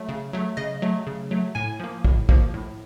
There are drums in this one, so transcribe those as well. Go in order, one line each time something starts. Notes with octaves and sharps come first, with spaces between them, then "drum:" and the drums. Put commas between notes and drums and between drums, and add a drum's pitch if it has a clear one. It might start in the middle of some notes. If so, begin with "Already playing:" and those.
Already playing: F#3 A3
C#3
F#3 A3
C#3 D#5
F#3 A3
C#3
F#3 A3
A2 G#5
F3 A#3
A2, drum: kick
F3 A#3, drum: kick
A2